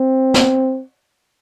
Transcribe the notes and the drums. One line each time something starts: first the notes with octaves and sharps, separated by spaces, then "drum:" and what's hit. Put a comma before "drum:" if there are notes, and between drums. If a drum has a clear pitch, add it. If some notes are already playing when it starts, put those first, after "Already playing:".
Already playing: C4
drum: snare